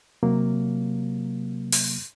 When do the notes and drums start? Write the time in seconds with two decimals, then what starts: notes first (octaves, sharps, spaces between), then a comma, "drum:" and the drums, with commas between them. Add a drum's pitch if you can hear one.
0.23 C3 F#3 A#3
1.72 drum: open hi-hat